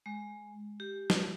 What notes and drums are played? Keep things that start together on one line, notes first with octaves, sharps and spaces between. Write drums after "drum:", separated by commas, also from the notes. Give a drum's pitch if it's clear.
G#3
G4
drum: snare